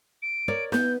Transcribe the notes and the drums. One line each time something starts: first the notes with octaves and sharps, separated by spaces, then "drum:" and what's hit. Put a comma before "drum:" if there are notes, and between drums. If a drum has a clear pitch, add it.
D7
A#4 C#5 D5
B3 G6, drum: snare